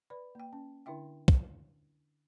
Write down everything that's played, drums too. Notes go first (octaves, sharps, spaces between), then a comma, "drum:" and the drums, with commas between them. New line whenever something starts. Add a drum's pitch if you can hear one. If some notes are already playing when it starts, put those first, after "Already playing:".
B4 D5 B5
A#3 G5
C#4
D3 D4 E4 E5 G5
drum: kick